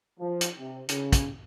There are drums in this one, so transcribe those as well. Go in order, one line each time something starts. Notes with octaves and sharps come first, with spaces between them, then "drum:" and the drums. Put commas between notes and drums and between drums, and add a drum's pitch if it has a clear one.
F3
drum: hi-hat
C3
C#3, drum: hi-hat
drum: kick, hi-hat